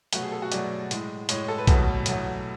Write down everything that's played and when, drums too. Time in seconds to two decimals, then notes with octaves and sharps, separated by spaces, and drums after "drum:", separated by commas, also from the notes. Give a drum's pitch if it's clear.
0.13 B2 F#3 A3 F#4, drum: hi-hat
0.23 G#4
0.32 A4
0.42 F#4
0.52 B2 F#3 A3 D5, drum: hi-hat
0.91 A2 G#3, drum: hi-hat
1.29 A2 G#3 C#5, drum: hi-hat
1.48 A4
1.58 B4
1.67 E2 B2 F#3 A3 A4, drum: kick A#1, hi-hat
2.06 E2 B2 F#3 A3, drum: hi-hat